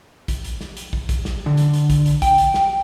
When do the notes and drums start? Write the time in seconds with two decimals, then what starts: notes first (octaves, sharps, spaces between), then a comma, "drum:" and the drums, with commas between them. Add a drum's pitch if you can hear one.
0.28 drum: kick, hi-hat
0.44 drum: hi-hat
0.61 drum: snare
0.77 drum: hi-hat
0.93 drum: kick
1.09 drum: kick, hi-hat
1.25 drum: snare
1.46 D3
1.57 drum: hi-hat
1.74 drum: hi-hat
1.90 drum: kick, hi-hat
2.06 drum: hi-hat
2.22 G5, drum: kick, hi-hat
2.38 drum: hi-hat
2.54 drum: snare